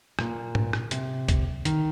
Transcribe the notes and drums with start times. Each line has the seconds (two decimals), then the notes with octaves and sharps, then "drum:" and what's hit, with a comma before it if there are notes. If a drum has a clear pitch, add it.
0.19 A#2, drum: rim click
0.55 drum: tom
0.73 drum: rim click
0.91 C3, drum: hi-hat
1.28 drum: kick, hi-hat
1.65 D#3, drum: hi-hat